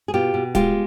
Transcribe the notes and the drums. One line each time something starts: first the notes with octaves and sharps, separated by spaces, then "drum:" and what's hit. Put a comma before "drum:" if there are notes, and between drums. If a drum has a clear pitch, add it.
G#4
B2 F4 G4
B2
G#3 F4 G4, drum: kick D1, hi-hat